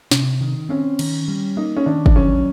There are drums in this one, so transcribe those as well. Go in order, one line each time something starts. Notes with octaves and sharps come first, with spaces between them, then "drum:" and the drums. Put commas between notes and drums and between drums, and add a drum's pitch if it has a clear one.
C3, drum: snare
D#3
C4 C#4
D#3, drum: cymbal
G3
A#3 D#4
C#4
D#3 D4
D4, drum: kick
F#3 C#4